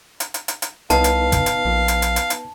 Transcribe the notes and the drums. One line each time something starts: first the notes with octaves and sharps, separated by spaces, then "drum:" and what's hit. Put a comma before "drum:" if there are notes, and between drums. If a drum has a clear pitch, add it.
drum: hi-hat
drum: hi-hat
drum: hi-hat
drum: hi-hat
C2 B3 D#4 B4 F5 A5, drum: hi-hat
drum: hi-hat
drum: kick, hi-hat
drum: hi-hat
A#1
drum: hi-hat
drum: hi-hat
drum: hi-hat
drum: hi-hat